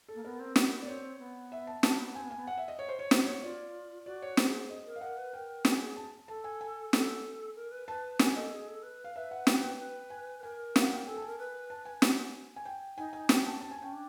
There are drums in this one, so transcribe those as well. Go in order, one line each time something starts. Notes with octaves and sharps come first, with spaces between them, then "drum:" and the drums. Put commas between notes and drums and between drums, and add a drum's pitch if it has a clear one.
A4
A#3
B3 A#4
C4
B3, drum: snare
D5
C4 C#5
B3
E5
A5
A#3 A5, drum: snare
B3
C4 G#5
B3
A#3 G#5
B3
F#5
E5
D#5
C#5
C5
C#5
C5, drum: snare
C#5
F4 D5
F#4 D5
C#5
G#4 C5, drum: snare
D#5
A#4
F5
A#4 F#5
B4
A#4 G5
G#4 G#5, drum: snare
A5
A4 A5
G#5
G#5
A4, drum: snare
A#4
B4
B4 A5
A#4 G#5, drum: snare
A4 D#5
G#4
A4
B4
F5
B4 E5
F#5
G5, drum: snare
G5
B4
G#5
B4
A#4 G#5
F5, drum: snare
F#5
G5
A4 G#5
A5
A#4 G#5
B4
A5
G#5
drum: snare
G#5
G5
D#4 G#5
G#5
C#4 G5, drum: snare
A5
A5
G#5
C#4 G5
D4